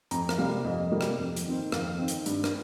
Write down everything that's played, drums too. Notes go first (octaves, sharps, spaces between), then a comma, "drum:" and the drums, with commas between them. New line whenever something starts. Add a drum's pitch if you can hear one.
F2 A#5, drum: hi-hat
drum: rim click
C3 G3 A#3 F5
F2 D#5
C3 G3 A#3
drum: rim click
F2
drum: hi-hat
D#3 C4
F2 F5, drum: rim click
D#3 C4
drum: hi-hat
G2, drum: hi-hat
drum: rim click